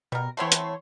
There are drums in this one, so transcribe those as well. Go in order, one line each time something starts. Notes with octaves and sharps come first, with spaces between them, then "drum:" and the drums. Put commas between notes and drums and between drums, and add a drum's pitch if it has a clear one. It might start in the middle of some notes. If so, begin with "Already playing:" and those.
B2 G3 A#4
E3 A3 B3 C4 C#5 C6
drum: hi-hat